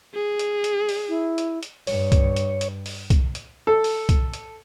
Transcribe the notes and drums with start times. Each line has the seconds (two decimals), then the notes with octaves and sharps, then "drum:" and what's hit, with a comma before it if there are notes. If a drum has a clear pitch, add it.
0.14 G#4
0.39 drum: hi-hat
0.64 drum: hi-hat
0.89 drum: open hi-hat
1.09 E4
1.38 drum: hi-hat
1.63 drum: hi-hat
1.87 G2 C#5, drum: open hi-hat
2.12 drum: kick C2, hi-hat
2.36 drum: hi-hat
2.61 drum: hi-hat
2.86 drum: open hi-hat
3.10 drum: kick C2, hi-hat
3.35 drum: hi-hat
3.67 A4
3.84 drum: open hi-hat
4.09 drum: kick C2, hi-hat
4.34 drum: hi-hat